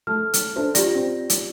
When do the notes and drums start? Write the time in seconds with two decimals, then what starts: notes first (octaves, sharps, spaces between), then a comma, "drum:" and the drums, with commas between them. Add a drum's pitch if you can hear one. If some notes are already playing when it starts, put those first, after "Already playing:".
0.07 A3 F6
0.34 drum: hi-hat
0.56 D4 A4 C5
0.75 F4 G4 D5 A#6, drum: hi-hat
0.95 C4
1.30 drum: hi-hat